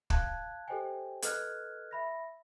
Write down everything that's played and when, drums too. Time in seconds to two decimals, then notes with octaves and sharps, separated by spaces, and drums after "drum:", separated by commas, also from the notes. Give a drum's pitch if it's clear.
0.10 F5 A5 F#6 G#6, drum: kick
0.68 G4 A4 C5 D#5 G5 G#5
1.22 A4 B4 D#5 F6 F#6 G#6, drum: hi-hat
1.91 E5 B5 A#6